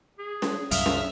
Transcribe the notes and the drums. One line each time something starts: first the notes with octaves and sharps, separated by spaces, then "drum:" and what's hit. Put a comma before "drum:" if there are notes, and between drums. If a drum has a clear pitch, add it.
G#4
drum: snare C#4
C2 F#2 E5 F5 D#6 F6, drum: hi-hat
drum: snare C#4